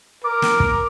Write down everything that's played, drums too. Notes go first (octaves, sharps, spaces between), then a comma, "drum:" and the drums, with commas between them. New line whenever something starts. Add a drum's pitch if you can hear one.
A#4 D6
drum: snare
drum: kick